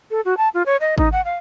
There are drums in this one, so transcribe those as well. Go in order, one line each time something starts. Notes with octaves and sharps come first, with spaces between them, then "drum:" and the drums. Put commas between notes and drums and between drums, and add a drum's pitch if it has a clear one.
A4
F#4
A5
F4
C#5
D#5
D#4, drum: kick G#1
F#5
F5